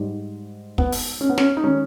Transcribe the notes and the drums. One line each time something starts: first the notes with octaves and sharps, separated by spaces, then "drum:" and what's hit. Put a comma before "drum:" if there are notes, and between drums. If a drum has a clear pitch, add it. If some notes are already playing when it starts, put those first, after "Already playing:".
Already playing: G#2 G3
B3, drum: kick
drum: open hi-hat
C#4
B3
C#4, drum: snare
D#4
D#3 G#3 C#4